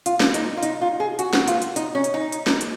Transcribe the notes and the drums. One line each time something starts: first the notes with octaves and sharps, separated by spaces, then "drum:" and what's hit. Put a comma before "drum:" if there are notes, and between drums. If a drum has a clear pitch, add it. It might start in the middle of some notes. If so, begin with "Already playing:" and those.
F4, drum: hi-hat
drum: snare
D#4, drum: hi-hat
F4
D#4, drum: hi-hat
F4
G#4
F#4, drum: hi-hat
drum: snare
F4, drum: hi-hat
drum: hi-hat
D#4, drum: hi-hat
C#4
drum: hi-hat
D#4
drum: hi-hat
drum: snare
drum: hi-hat